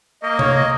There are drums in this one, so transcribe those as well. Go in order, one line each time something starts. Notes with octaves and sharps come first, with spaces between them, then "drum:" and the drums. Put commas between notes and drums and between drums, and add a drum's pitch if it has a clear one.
A#3 D#5
C#5, drum: tom C3
D#5